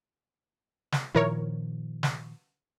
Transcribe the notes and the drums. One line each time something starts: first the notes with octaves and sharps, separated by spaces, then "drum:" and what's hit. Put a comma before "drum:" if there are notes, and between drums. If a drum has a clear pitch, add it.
drum: snare
A#2 D#3 F3 E4 A#4 C#5
drum: snare